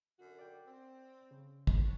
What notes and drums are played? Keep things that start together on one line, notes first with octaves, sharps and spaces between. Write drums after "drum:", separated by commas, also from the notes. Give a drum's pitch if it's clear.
F#2 D3 F#4
D5 G5
C4
C#3
drum: kick
D4 C#5